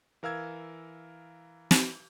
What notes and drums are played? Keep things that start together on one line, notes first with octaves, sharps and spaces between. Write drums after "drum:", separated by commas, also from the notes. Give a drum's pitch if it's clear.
E3 A#4 F5 E6 G#6
drum: snare